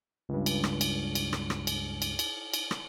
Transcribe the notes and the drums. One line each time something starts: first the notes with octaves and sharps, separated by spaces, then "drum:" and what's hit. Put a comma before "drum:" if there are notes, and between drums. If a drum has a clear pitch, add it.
C#2 G2
drum: cymbal
drum: rim click
drum: cymbal
drum: cymbal
drum: rim click
drum: rim click
drum: cymbal
drum: cymbal
drum: cymbal
drum: cymbal
drum: rim click